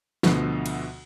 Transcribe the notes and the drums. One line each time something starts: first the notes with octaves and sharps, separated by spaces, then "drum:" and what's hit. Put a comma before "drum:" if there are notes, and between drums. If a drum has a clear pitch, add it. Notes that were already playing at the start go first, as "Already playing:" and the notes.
D2 B2 D3 F3, drum: snare
drum: cymbal